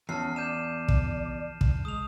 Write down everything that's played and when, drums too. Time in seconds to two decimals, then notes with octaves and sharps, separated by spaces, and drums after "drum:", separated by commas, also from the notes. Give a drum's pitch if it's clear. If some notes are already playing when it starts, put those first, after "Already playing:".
0.09 E2 C#4 A5 F6 C7
0.36 D5 G6 D#7 E7
0.88 drum: kick
1.61 drum: kick
1.85 G#3 D#6 F7